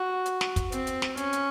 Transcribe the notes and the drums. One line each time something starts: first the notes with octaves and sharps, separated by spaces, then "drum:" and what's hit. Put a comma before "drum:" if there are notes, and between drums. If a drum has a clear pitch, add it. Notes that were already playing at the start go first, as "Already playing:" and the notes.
Already playing: F#4
drum: hi-hat
drum: snare
drum: kick, hi-hat
C4, drum: hi-hat
drum: hi-hat
drum: snare
C#4, drum: hi-hat
drum: hi-hat